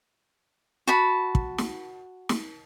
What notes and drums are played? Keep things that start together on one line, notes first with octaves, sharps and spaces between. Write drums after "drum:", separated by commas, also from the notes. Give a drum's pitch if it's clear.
F#4 A5 B5
drum: kick
drum: snare
drum: snare